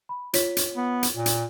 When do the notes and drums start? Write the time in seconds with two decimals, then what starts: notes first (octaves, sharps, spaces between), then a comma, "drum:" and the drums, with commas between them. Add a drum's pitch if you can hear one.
0.09 B5
0.33 F4 C#5 B6, drum: hi-hat
0.57 drum: hi-hat
0.76 B3
1.03 drum: hi-hat
1.16 A#2
1.26 drum: hi-hat